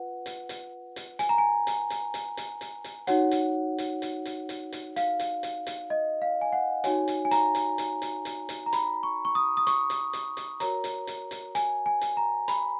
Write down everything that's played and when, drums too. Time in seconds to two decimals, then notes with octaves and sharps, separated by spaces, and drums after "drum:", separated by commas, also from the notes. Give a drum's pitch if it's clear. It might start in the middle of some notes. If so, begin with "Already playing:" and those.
Already playing: F4 B4 F#5
0.26 drum: hi-hat
0.49 drum: hi-hat
0.96 drum: hi-hat
1.19 G#5, drum: hi-hat
1.29 A#5
1.38 G#5
1.67 drum: hi-hat
1.90 drum: hi-hat
2.14 drum: hi-hat
2.37 drum: hi-hat
2.61 drum: hi-hat
2.84 drum: hi-hat
3.07 D#4 F#4 C#5 F#5, drum: hi-hat
3.31 drum: hi-hat
3.78 drum: hi-hat
4.02 drum: hi-hat
4.25 drum: hi-hat
4.49 drum: hi-hat
4.73 drum: hi-hat
4.96 F5, drum: hi-hat
5.20 drum: hi-hat
5.43 drum: hi-hat
5.67 drum: hi-hat
5.90 D#5
6.22 F5
6.41 G#5
6.53 F#5
6.84 D#4 F#4 C#5 G#5, drum: hi-hat
7.08 drum: hi-hat
7.25 G#5
7.31 A#5, drum: hi-hat
7.55 drum: hi-hat
7.78 drum: hi-hat
8.02 drum: hi-hat
8.25 drum: hi-hat
8.49 drum: hi-hat
8.66 A#5
8.73 B5, drum: hi-hat
9.03 C#6
9.25 C#6
9.35 D#6
9.57 D#6
9.67 C#6, drum: hi-hat
9.90 drum: hi-hat
10.13 drum: hi-hat
10.37 drum: hi-hat
10.60 F#4 A#4 C#5 A#5, drum: hi-hat
10.84 drum: hi-hat
11.07 drum: hi-hat
11.31 drum: hi-hat
11.55 G#5, drum: hi-hat
11.86 G#5
12.01 drum: hi-hat
12.17 A#5
12.48 B5, drum: hi-hat